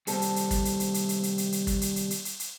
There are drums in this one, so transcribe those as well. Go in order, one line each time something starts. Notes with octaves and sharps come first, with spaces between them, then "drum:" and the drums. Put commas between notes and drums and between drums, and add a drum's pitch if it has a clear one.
D#2 C3 G3 C4 A4, drum: hi-hat
drum: hi-hat
drum: hi-hat
drum: kick, hi-hat
drum: hi-hat
drum: hi-hat
drum: hi-hat
drum: hi-hat
drum: hi-hat
drum: hi-hat
drum: hi-hat
drum: kick, hi-hat
drum: hi-hat
drum: hi-hat
drum: hi-hat
drum: hi-hat
drum: hi-hat